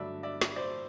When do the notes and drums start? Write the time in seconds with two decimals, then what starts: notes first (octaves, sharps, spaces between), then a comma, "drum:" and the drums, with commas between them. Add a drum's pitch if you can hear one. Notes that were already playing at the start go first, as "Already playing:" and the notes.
Already playing: G2 D3 F#3 A3 D5 E5
0.23 D5 E5
0.41 drum: snare
0.56 C5 D5